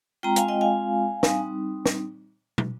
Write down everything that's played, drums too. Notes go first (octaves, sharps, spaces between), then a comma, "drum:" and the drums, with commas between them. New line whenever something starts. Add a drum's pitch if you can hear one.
G#3 C4 F4 G5 A#5
F5 G#5, drum: hi-hat
D#5 G5
F5 G#5
G3 C4 D#4, drum: snare
drum: snare
drum: tom